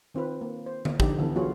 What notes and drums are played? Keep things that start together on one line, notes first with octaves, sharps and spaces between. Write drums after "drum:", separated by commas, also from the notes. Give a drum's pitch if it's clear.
D#3 C4 F4 B4
A#3
C5
drum: tom D3
D3 F3 D#4 G4, drum: kick
D3 E3 B3 A4
F#3 B3 F4 F#4 G#4 C#5